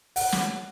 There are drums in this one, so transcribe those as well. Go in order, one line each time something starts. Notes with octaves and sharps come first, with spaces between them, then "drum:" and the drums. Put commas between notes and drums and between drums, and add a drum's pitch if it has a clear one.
F#5, drum: open hi-hat
drum: snare